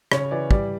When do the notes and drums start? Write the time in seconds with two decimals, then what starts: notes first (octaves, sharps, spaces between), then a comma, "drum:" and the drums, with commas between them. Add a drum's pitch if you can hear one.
0.12 C#3 C#5, drum: rim click
0.31 E3 D5
0.51 G3 D5, drum: kick